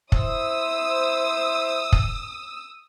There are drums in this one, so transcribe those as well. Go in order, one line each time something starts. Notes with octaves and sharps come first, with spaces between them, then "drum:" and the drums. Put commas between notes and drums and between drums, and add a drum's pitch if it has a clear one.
E4 C5 D#6 E6, drum: kick
drum: kick